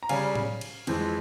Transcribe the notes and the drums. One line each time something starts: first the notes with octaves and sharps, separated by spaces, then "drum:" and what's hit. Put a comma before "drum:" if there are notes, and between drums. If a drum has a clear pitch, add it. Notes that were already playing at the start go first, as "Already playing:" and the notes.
A#5
C#3 G3 C#4 F5 G#5, drum: cymbal
drum: tom A2
drum: cymbal
F2 E3 G#3 C4, drum: cymbal